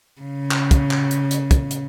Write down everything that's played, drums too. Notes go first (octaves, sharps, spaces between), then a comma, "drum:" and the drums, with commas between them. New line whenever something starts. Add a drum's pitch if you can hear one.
C#3
drum: clap
drum: kick, hi-hat
drum: clap
drum: hi-hat
drum: hi-hat
drum: kick, hi-hat
drum: hi-hat